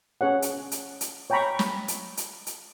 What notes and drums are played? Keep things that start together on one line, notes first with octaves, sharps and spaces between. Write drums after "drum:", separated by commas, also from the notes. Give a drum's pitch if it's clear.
C#4 G#4 C#5 F#5
drum: hi-hat
drum: hi-hat
drum: hi-hat
C#5 G5 G#5 A#5 B5 C#6
drum: snare
drum: hi-hat
drum: hi-hat
drum: hi-hat